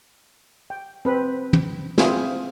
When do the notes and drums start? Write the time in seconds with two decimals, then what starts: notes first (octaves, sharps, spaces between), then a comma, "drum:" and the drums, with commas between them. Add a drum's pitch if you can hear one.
0.70 G5
1.05 C4 B4
1.53 drum: tom
1.98 C4 E4 F4 G#4, drum: snare